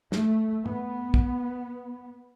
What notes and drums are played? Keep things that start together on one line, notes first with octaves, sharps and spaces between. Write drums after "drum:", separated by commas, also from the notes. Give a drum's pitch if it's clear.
A3, drum: snare
B3, drum: tom
drum: kick